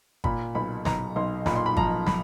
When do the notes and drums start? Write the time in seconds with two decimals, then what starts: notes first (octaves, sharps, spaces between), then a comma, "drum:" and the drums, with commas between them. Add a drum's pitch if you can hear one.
0.24 A#2 B5, drum: kick
0.55 B1 B5
0.85 B1 A#5, drum: snare
1.16 B1 C6
1.46 A#2 B5, drum: snare
1.56 C6
1.66 B5
1.77 F3 A#5, drum: kick
2.06 F3 B5, drum: snare